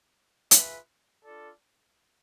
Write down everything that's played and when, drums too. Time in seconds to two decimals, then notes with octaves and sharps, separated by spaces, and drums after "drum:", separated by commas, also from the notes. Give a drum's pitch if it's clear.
0.51 F4 G#4 B4 E5, drum: hi-hat
1.24 D4 F4 A4 D5